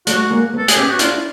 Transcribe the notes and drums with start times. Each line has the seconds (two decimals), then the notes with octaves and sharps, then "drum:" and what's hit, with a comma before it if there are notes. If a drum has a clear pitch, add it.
0.07 G3 A3 F#4, drum: hi-hat
0.30 G#3 A#3
0.53 A3 B3
0.58 A4
0.68 G#4, drum: hi-hat
0.76 B3 C#4 G4
0.89 F#4
0.99 D4 E4 F4, drum: hi-hat